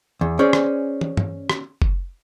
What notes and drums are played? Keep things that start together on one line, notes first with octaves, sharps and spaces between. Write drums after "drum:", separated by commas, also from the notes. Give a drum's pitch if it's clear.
E2
C#4 G#4 C5 D5
drum: rim click
drum: tom
drum: tom
drum: rim click
drum: kick F#1